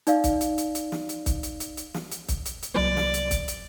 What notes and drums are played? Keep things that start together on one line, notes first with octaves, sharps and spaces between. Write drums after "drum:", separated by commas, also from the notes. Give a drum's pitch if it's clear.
D#4 D5 F5, drum: hi-hat
drum: kick, hi-hat
drum: hi-hat
drum: hi-hat
drum: hi-hat
drum: snare
drum: hi-hat
drum: kick, hi-hat
drum: hi-hat
drum: hi-hat
drum: hi-hat
drum: snare
drum: hi-hat
drum: kick, hi-hat
drum: hi-hat
drum: hi-hat
C2 F#3 A#3 D5
drum: snare
drum: hi-hat
drum: kick, hi-hat
drum: hi-hat